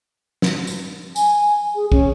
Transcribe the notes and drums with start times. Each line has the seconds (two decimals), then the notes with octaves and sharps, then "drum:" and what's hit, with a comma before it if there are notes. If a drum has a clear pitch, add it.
0.42 drum: snare
0.67 drum: tambourine
1.16 G#5, drum: tambourine
1.75 G#4
1.92 C#4, drum: kick